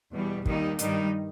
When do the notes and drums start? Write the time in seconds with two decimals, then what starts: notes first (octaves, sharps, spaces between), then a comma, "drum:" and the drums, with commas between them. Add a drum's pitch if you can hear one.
0.13 E2 B2 G3
0.46 D#2 D#3 G3 D#4, drum: kick
0.79 G2 D#3 G3 D#4, drum: hi-hat